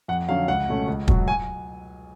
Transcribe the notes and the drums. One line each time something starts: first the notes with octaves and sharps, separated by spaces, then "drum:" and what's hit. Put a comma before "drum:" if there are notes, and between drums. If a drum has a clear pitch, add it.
F2 F#5
D3 F#3 C#4 F5
C#2 F#5
B2 A3 C#4
C#2
B2 F#3, drum: kick
G#5